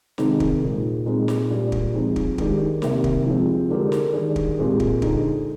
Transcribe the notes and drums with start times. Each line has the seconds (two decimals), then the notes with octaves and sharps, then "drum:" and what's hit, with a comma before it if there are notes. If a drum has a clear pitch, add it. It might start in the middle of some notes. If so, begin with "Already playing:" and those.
0.18 C3 D#3 G#3 C4 D#4, drum: snare
0.40 drum: kick
0.62 A#2 G#3 D#4
1.06 A#2 G#3 C4 D#4
1.28 drum: snare
1.50 A#2 G3 D4
1.72 drum: kick
1.94 F3 G#3 C4 D#4
2.16 drum: kick
2.38 D#3 G#3 D4 G4, drum: kick
2.82 C3 D#3 G3 A#3, drum: snare
3.04 drum: kick
3.26 F3 G#3 C4
3.70 D3 G#3 D4 G4 A#4
3.92 drum: snare
4.14 D#3 G3 D4 G#4
4.36 drum: kick
4.58 A#2 G#3 C4 G4
4.80 drum: kick
5.02 D3 G#3 D#4, drum: kick